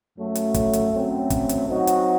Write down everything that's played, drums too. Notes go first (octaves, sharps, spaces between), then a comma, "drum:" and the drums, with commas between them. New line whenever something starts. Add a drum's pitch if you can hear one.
F#2 F#3 A3
drum: hi-hat
drum: kick, hi-hat
drum: hi-hat
F#2 F#3 A3 C4
drum: kick, hi-hat
drum: hi-hat
F#3 C4 D#4 F#4
drum: hi-hat